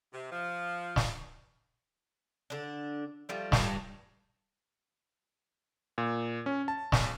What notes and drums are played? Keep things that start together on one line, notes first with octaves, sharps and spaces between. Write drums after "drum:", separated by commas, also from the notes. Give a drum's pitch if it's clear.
C3
F3
drum: snare
D3 D4
F3 G3 A3
G2, drum: snare
A#2
C#4
A5
B1, drum: snare